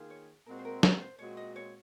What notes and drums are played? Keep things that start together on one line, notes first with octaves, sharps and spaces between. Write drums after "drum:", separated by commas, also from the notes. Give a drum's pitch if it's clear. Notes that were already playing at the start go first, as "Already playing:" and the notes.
Already playing: D#3 A#3 F4 G#4
C#5
A#2 G#3 C4 F#4 A#4
C5
A#4
A#4, drum: snare
C5
A#2 G#3 C4 F#4 C#5
D#5
C#5